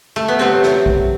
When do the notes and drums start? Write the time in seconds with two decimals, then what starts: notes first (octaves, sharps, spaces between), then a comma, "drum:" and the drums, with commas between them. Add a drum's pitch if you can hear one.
0.16 A3
0.28 B3
0.39 C3 F#3 A3 C4
0.63 drum: snare
0.86 drum: kick A#1